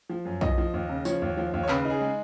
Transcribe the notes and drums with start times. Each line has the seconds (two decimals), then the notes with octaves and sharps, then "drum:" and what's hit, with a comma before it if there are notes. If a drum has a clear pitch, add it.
0.10 F3
0.25 F#2
0.41 F3 D#5, drum: kick B1
0.58 F3
0.73 D#2
0.89 C#3
1.05 F3 C#5, drum: tambourine
1.22 D#2
1.37 F3
1.53 D#2
1.63 C#5
1.68 C#3 B4, drum: clap
1.85 D#4 G#4
2.01 G#3